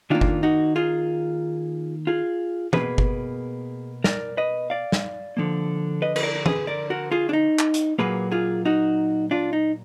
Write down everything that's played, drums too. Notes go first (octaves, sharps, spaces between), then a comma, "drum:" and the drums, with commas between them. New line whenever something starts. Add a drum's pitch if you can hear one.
D#3 A#3 D4 F4
drum: kick G1
D#4 F#4
F4 G#4
F4 G#4
B2 A#3 G#4 B4, drum: tom
drum: kick G1
A#4 D5, drum: snare
B4 D#5
D5 F5
drum: snare
D3 F3 A#3
B4 D#5
B4, drum: cymbal
A#4 D5
A#4
G#4 B4, drum: tom
A#4 D5
F#4 A#4
F4 G#4
D4
D#4
drum: clap
drum: hi-hat
A#2 F#3 A#3 G#4 B4
F4 G#4
D#4 F#4
D4 F4
D#4